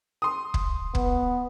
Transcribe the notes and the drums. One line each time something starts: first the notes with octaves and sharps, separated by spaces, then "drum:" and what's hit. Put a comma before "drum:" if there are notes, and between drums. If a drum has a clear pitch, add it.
C6 D#6
drum: kick
B3, drum: kick